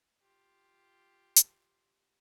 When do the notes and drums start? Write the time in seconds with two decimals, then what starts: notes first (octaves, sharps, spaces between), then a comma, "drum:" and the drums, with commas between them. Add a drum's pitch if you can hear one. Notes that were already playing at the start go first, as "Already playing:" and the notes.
0.22 F4 G4
1.36 drum: hi-hat